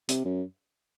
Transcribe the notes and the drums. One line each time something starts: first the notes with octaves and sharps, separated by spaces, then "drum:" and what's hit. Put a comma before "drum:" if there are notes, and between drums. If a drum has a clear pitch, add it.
C3, drum: hi-hat
F#2